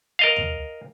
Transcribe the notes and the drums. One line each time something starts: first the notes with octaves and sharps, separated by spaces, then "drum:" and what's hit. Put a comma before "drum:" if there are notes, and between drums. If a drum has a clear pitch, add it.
A#4 D#5 F5
drum: tom